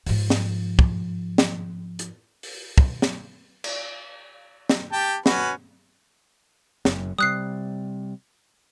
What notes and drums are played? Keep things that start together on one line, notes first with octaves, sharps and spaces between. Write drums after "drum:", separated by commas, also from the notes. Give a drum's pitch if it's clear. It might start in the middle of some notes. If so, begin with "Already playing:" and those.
G#2 F3, drum: open hi-hat
drum: snare
drum: kick
drum: snare
drum: hi-hat
drum: open hi-hat
drum: kick
drum: snare
drum: cymbal
drum: snare
G4 G5 A5
C#4 F#4 B4, drum: snare
F#1 F#2, drum: snare
C3 G3 D#6 F#6 C7